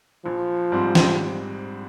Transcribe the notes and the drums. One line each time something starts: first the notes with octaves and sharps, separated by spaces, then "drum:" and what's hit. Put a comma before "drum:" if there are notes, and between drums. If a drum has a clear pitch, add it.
A#1 F3
G#2 G3 C4
drum: snare